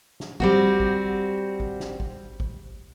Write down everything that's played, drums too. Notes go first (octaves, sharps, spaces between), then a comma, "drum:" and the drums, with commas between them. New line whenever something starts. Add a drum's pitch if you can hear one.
drum: snare
G3 C4 F#4, drum: kick G#1
drum: kick G#1
drum: kick G#1
drum: snare
drum: kick G#1
drum: kick G#1